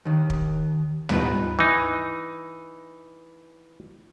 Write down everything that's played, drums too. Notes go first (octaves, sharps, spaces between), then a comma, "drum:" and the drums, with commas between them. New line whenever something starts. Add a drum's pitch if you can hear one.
D#2 D#3
drum: kick
B1 G3 B3 D#4 F4 B4, drum: tom
E3 D#4